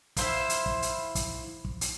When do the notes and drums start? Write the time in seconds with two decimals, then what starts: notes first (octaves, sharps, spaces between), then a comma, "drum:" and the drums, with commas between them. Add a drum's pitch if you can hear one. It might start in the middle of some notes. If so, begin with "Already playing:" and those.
0.17 E4 C5 F5, drum: kick, hi-hat
0.50 drum: hi-hat
0.66 drum: kick
0.82 drum: hi-hat
1.15 drum: kick, hi-hat
1.65 drum: kick
1.81 drum: hi-hat